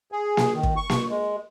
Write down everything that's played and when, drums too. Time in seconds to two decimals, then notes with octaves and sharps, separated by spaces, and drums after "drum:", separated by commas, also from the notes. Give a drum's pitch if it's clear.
0.12 G#4
0.37 drum: snare A#3
0.54 D#3
0.63 drum: kick
0.76 C#6
0.90 drum: snare A#3
1.10 G#3